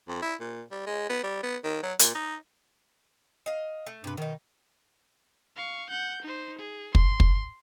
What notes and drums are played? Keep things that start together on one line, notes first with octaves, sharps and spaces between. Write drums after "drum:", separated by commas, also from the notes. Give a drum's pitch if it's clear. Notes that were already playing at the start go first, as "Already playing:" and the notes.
F2
E4
A#2
G3
G#3
B3
G3
B3
D#3
F#3
A#2, drum: hi-hat
D#4
D#5 F5
A3
G2 C3 B4
B2 D#3 D#4
F5 C#6
F#5 G6
D#4 C5
G#4
C6, drum: kick
drum: kick